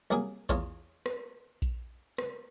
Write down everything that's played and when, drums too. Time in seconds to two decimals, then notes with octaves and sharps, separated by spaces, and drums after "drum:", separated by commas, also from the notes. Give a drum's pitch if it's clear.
0.10 C2 F#3 A#3 G#4
0.49 E2 F4 C#5, drum: kick A#1, hi-hat
1.06 drum: rim click
1.62 drum: kick A#1, hi-hat
2.18 drum: rim click